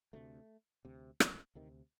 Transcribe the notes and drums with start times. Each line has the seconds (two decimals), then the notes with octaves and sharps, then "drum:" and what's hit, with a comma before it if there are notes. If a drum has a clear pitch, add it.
0.13 D2 C3 A3
0.85 D2 C3
1.20 drum: rim click
1.55 D2 C3 D#3